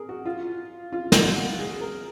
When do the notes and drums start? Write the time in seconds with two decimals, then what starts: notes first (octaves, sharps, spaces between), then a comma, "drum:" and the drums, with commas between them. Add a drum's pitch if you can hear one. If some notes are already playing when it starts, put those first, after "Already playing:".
Already playing: G#4 A#4
0.09 F#4
0.26 F4
0.93 F4
1.12 drum: snare
1.26 F#4
1.59 G#4
1.81 A#4